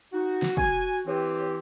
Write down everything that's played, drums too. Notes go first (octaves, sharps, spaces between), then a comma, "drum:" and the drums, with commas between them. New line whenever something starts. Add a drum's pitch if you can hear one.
D#4 F#4
drum: snare
F#4 G#5, drum: kick
E3 C4 G4 C#5